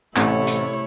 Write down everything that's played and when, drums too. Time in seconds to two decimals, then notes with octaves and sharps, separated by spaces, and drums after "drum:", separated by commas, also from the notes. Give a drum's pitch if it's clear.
0.16 A1 C3 A3 E4 C#5, drum: clap
0.47 drum: hi-hat